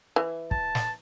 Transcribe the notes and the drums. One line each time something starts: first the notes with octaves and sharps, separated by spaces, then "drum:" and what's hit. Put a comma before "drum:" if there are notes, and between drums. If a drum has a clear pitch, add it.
E3
A5, drum: kick
drum: snare